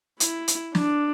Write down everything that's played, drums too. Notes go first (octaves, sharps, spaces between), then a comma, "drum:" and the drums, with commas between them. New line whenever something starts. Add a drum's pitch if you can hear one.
E4, drum: hi-hat
drum: hi-hat
D4, drum: snare